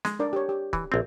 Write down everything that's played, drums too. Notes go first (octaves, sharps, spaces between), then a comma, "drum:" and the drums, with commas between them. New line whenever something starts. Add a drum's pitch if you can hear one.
G#3, drum: snare
D4 A#4 D5
G4 C#5
G4
E3, drum: kick C#1
A#1 C4